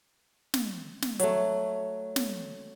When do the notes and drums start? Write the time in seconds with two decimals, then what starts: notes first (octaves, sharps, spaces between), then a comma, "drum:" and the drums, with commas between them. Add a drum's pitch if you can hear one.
0.54 drum: snare
1.02 drum: snare
1.19 F#3 A3, drum: hi-hat
2.16 drum: snare